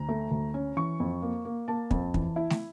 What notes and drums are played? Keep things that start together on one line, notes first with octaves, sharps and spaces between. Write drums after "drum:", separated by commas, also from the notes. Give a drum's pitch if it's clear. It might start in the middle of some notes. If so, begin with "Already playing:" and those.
Already playing: D2 A#5
A3
D2
C#4
E3 C#6
F2
A#3
A#3
A#3 A5
F2, drum: kick
E3, drum: kick
E4
drum: snare